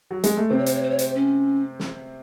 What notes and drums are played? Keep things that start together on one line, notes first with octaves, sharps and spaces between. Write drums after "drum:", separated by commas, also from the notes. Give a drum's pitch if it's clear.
F#3
G#3, drum: hi-hat
A3
C3 C4 C5
C#5
C5, drum: hi-hat
C#5
C5
C#5
C5, drum: hi-hat
C#4
drum: snare